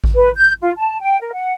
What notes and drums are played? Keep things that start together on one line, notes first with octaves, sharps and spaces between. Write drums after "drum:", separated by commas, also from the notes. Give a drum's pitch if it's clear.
drum: kick A1
B4
G6
F4
A5
G5
A#4
F#5